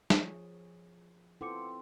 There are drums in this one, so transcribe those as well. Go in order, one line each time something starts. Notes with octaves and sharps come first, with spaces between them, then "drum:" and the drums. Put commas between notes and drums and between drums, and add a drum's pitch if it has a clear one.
F3 G#4 C#5, drum: snare
C4 E4 F4 A4 F#5 D6 C#7